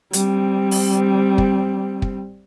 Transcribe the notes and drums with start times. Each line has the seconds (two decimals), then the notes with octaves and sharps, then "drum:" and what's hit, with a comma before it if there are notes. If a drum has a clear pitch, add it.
0.13 G3 C4, drum: hi-hat
0.71 drum: open hi-hat
1.38 drum: kick
2.02 drum: kick